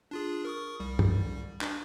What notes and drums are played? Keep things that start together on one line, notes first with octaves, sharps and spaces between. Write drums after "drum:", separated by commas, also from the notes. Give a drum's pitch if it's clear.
D4 F4 G#4
A#4 C#6 D#6
C2 G3
drum: tom
D4, drum: clap